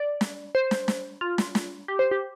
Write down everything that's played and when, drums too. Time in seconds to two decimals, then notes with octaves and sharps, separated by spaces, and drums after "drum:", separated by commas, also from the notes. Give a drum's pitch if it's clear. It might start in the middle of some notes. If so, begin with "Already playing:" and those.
Already playing: D5
0.21 drum: snare
0.55 C5
0.71 drum: snare
0.88 drum: snare
1.21 F4
1.38 drum: snare
1.55 drum: snare
1.88 G4
1.99 C5
2.11 G4